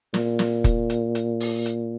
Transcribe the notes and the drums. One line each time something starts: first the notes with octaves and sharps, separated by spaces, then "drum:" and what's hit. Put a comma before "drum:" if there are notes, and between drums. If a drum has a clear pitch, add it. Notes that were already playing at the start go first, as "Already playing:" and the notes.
A#2, drum: snare
drum: snare
drum: kick, hi-hat
drum: hi-hat
drum: hi-hat
drum: open hi-hat
drum: hi-hat